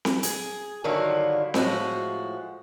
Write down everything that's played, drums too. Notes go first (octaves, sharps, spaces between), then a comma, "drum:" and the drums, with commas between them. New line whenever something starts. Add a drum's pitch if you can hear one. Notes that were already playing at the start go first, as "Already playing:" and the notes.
drum: snare C4
G#4, drum: hi-hat
G2 D3 D#3 F#3 E4 F4
A2 F3 G#3 F#4, drum: snare C4